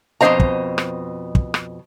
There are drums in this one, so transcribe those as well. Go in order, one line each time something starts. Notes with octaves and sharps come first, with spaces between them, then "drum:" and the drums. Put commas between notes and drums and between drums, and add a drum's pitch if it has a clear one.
F2 B2 B3 C5 D#5 A#5
drum: kick
drum: rim click
drum: kick
drum: rim click